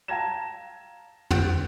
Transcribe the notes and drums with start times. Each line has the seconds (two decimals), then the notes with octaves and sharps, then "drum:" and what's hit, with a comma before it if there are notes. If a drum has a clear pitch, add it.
0.08 F5 A5 A#5 G#6 A#6 E7
1.30 F#5 F#6 G6 D7, drum: tom